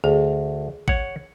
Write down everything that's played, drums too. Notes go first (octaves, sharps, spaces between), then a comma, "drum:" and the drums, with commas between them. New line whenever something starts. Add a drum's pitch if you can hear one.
D2 G#4
C#5 F#5, drum: kick A1